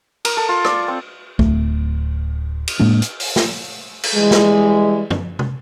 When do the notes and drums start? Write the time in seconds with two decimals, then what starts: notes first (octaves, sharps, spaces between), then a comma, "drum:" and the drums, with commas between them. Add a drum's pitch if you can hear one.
0.25 A#4, drum: cymbal
0.37 A4
0.49 F4
0.65 D5, drum: rim click
0.88 C4
1.39 D1 A3, drum: kick
2.68 drum: cymbal
2.80 A2 G#3 A#3 D4
3.02 drum: hi-hat
3.20 drum: open hi-hat
3.36 drum: snare
4.04 drum: cymbal
4.15 E3 G3 G#3
4.31 drum: snare
5.10 drum: tom
5.39 drum: tom